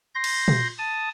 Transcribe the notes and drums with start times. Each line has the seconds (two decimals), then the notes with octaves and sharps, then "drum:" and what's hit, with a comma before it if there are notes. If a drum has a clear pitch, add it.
0.15 C6 G6 A#6
0.24 drum: cymbal
0.48 drum: tom A#2
0.78 A5 D#6